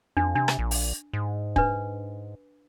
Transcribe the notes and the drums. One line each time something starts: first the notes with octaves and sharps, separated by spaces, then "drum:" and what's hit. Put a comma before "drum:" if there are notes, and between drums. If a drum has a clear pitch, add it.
F2 D4
C3 D4
drum: rim click
A#1
drum: open hi-hat
G#2
D4 B4, drum: kick